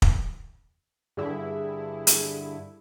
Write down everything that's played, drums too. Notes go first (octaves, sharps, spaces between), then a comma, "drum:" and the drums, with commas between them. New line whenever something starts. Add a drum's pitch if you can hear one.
drum: kick
G2 D3 E4 G#4
drum: hi-hat